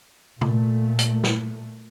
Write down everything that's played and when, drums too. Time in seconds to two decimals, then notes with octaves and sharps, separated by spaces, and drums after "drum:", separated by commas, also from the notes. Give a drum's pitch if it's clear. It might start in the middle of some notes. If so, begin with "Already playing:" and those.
0.41 A#2 A3, drum: tom C3
0.99 drum: hi-hat
1.24 drum: snare